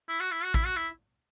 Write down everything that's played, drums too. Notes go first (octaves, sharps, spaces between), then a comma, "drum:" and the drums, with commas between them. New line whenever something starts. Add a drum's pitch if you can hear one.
E4
F#4
E4
F#4
E4, drum: kick A1
F#4
E4